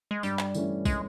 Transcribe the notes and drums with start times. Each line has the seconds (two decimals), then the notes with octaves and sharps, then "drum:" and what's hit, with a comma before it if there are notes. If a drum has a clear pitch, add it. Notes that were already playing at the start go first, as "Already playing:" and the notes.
0.11 G#3
0.23 G2 G3, drum: tambourine
0.39 drum: clap
0.54 E3 A3 C#4 E4, drum: tambourine
0.85 G#3, drum: kick, tambourine